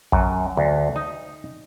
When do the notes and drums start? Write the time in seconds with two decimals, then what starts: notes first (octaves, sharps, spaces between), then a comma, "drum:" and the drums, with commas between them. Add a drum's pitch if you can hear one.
0.12 F#2, drum: kick
0.57 D2
0.96 D#4